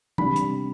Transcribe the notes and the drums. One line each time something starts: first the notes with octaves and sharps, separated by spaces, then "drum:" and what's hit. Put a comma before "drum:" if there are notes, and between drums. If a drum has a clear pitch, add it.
C3 G3 D4 B5, drum: tom
drum: hi-hat